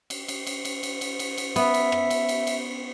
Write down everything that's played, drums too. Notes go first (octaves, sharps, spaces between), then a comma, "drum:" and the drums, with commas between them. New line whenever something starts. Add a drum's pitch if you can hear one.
drum: cymbal
drum: cymbal
drum: cymbal
drum: cymbal
drum: cymbal
drum: cymbal
drum: cymbal
drum: cymbal
B3 E5, drum: cymbal
drum: cymbal
drum: rim click
drum: cymbal
drum: cymbal
drum: cymbal